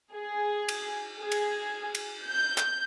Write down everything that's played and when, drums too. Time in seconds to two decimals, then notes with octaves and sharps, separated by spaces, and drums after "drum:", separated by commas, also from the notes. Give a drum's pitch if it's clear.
0.12 G#4
0.68 drum: cymbal
1.20 G#4
1.32 drum: cymbal
1.95 drum: cymbal
2.26 G6
2.58 drum: clap